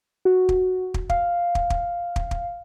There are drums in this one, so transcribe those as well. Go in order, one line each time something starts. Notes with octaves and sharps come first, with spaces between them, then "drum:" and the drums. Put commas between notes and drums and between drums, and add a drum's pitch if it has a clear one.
F#4
drum: kick
drum: kick
F5, drum: kick
drum: kick
drum: kick
drum: kick
drum: kick